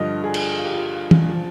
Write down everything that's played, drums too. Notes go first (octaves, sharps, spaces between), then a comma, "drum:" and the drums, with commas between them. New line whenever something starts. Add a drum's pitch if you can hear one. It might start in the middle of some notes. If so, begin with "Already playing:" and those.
Already playing: G2 D3 F3 D#5
G#4
drum: cymbal
F4
G4
F4
drum: tom
F3